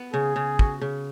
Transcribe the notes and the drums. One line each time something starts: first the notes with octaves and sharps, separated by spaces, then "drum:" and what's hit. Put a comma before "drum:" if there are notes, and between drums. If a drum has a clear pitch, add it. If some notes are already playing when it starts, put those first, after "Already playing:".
Already playing: B3
C#3 G#4
C#3
F#4, drum: kick
C#3